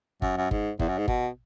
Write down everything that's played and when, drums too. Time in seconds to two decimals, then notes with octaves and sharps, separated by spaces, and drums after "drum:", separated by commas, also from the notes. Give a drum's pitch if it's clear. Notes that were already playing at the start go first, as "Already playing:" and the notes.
0.22 F#2, drum: kick G1
0.37 F#2
0.51 G#2, drum: kick G1
0.79 E2, drum: kick G1
0.88 F#2
0.98 G#2
1.08 B2, drum: kick G1